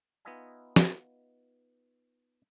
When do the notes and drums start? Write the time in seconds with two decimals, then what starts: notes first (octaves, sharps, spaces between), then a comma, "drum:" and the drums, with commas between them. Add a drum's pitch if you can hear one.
0.25 B3 D#4 F4 D#5 E5 G#5
0.76 drum: snare